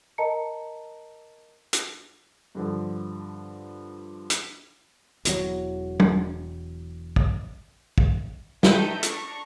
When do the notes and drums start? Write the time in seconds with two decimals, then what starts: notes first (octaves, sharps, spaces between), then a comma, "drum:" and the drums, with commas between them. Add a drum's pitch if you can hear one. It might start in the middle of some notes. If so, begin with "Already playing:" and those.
0.18 A#4 D#5 A5 A#5 C#7
1.73 drum: hi-hat
2.55 G2 D3 F3
4.30 drum: hi-hat
5.25 E1 E2 F#3, drum: hi-hat
6.00 drum: tom
7.16 drum: kick
7.98 drum: kick
8.63 A3 D#4 A4 G5 G6, drum: snare
9.03 D4 A#5 C#6, drum: hi-hat